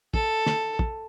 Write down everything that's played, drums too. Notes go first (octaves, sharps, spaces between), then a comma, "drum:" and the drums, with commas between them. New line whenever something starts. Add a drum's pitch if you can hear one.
A4, drum: kick
drum: snare
drum: kick